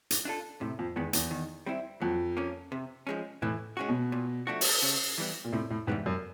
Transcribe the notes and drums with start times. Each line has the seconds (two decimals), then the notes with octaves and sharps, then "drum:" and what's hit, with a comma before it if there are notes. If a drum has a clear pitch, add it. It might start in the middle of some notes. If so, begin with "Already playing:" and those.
0.11 drum: hi-hat
0.25 D4 F4 A4
0.61 A2 C3
0.79 F2
0.96 E2 D#3 G#3 B3
1.13 E2, drum: hi-hat
1.31 D#3
1.66 G3 C4 E4
2.02 F2 F#3
2.37 A#3 C#4
2.72 C3
3.07 F3 G#3 C#4
3.42 A2 E3
3.77 G#3 C#4 F#4
3.89 B2
4.12 A#2
4.47 F3 A3 D4 F#4
4.61 drum: open hi-hat
4.82 C#3
5.18 E3 G3 B3
5.44 A#2
5.52 A2 C3
5.70 A2
5.87 G#2 E3 G3 B3
6.06 F#2